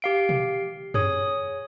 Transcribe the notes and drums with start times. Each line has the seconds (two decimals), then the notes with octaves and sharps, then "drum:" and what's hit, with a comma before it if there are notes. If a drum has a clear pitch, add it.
0.02 G4 F5 D7
0.29 drum: tom B2
0.94 G#4 C#5 D#6, drum: tom F2